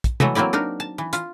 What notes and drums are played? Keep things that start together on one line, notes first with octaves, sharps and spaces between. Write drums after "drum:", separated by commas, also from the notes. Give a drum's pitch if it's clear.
drum: kick, hi-hat
E3 F#3 A3 A4 D#5 E5, drum: tom
F#3 A#3 C4 E4 D5
D4 D#4 A#4
A5
E3
F4, drum: hi-hat